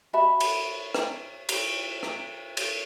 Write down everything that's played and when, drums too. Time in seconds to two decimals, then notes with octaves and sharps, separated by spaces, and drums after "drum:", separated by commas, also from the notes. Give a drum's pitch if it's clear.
0.13 F#4 E5 A5 B5
0.40 drum: cymbal
0.95 drum: rim click
1.49 drum: cymbal
2.03 drum: rim click
2.57 drum: cymbal